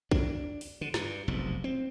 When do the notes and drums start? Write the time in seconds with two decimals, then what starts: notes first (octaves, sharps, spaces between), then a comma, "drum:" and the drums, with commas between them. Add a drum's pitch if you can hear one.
0.11 D4, drum: kick
0.61 drum: open hi-hat
0.81 D3
0.94 G2, drum: snare
1.28 F1 B1 G#2
1.64 C4